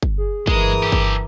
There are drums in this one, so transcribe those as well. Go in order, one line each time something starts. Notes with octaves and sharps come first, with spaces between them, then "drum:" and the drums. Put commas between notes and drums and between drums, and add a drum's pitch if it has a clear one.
drum: kick
G#4
G2 E3 G#3 A#4 D#6, drum: kick
G4 A4
drum: kick